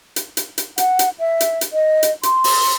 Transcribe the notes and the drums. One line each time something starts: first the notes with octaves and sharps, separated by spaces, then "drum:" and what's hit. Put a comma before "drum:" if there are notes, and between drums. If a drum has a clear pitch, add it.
drum: hi-hat
drum: hi-hat
drum: hi-hat
F#5, drum: hi-hat
drum: hi-hat
E5
drum: hi-hat
drum: hi-hat
D#5
drum: hi-hat
C6, drum: hi-hat
drum: open hi-hat